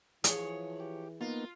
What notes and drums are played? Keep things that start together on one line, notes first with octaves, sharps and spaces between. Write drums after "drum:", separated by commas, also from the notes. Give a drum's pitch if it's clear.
E3 F3 G#4 C#5, drum: hi-hat
G4
A#3 B3 D#4 F4